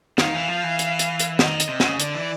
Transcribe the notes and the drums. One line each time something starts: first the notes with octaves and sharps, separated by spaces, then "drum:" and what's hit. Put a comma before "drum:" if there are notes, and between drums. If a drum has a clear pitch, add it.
D#3 F5, drum: snare
E3
F3
E3
drum: hi-hat
drum: hi-hat
drum: hi-hat
D#3 D#5, drum: snare
drum: hi-hat
C3
C#3, drum: snare
D3 D5, drum: hi-hat
E3